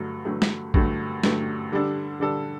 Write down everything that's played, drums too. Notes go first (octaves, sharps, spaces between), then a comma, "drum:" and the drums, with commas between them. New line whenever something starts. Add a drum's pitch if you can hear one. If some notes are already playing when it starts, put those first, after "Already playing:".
Already playing: G2 D3 F#3 A3
G2 D3 F#3 A3
drum: snare
G2 D3 F#3 A3, drum: kick A1
G2 D3 F#3 A3, drum: snare
D3 G3 D4 A4
D3 G3 D4 A4